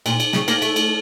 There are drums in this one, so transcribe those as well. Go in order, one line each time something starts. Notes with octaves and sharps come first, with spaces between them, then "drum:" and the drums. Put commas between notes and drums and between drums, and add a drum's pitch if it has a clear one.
A#2, drum: cymbal
drum: cymbal
C#3, drum: snare
A#3, drum: cymbal
A3, drum: cymbal
drum: cymbal